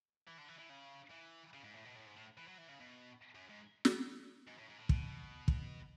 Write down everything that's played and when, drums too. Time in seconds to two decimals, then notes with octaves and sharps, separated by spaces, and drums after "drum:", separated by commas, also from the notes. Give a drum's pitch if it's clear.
0.27 E3
0.38 D3
0.48 E3
0.59 E3
0.69 C#3
1.11 E3
1.54 C#3
1.64 G#2
1.74 A2
1.85 B2
1.95 A2
2.06 G#2
2.17 A2
2.37 E3
2.48 F#3
2.58 E3
2.69 C#3
2.80 B2
3.35 F#2
3.50 G#2
3.85 drum: snare
4.47 G#2
4.58 A2
4.69 G#2
4.79 A2
4.89 B2, drum: kick
5.48 drum: kick